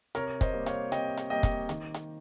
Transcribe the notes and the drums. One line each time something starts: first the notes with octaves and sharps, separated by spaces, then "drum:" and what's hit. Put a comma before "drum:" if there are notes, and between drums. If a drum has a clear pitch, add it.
C3 A#4 C#5, drum: hi-hat
C5 D#5, drum: kick, hi-hat
G3 A#3
C#5 F5, drum: hi-hat
C3 D#5 G5, drum: hi-hat
drum: hi-hat
G3 A#3 D#5 G5
drum: kick, hi-hat
D#3, drum: hi-hat
drum: hi-hat